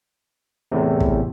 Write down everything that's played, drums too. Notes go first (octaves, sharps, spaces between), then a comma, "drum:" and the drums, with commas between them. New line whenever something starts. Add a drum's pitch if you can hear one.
E2 A2 C3
drum: kick